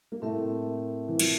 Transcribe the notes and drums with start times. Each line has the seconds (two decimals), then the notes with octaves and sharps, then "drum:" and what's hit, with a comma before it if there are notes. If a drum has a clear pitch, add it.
0.12 A#3
0.22 A2 A3 C4 G4 A#4 E5
1.08 E3
1.19 F3, drum: cymbal